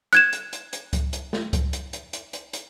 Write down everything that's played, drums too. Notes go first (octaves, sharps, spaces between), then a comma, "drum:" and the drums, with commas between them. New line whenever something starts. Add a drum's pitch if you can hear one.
F#6 G#6 E7, drum: hi-hat
drum: hi-hat
drum: hi-hat
drum: hi-hat
drum: kick C#2, hi-hat
drum: hi-hat
drum: snare
drum: kick C#2, hi-hat
drum: hi-hat
drum: hi-hat
drum: hi-hat
drum: hi-hat
drum: hi-hat